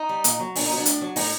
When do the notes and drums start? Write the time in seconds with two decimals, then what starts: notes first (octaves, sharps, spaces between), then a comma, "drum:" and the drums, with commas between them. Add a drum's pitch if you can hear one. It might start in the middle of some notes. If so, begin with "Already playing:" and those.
Already playing: D#4
0.09 G3
0.24 A#2, drum: hi-hat
0.40 F#3
0.56 A#2 D4, drum: open hi-hat
0.66 D#4
0.71 F#3
0.78 D4
0.86 A2, drum: hi-hat
1.01 F#3
1.16 A2 D#4, drum: open hi-hat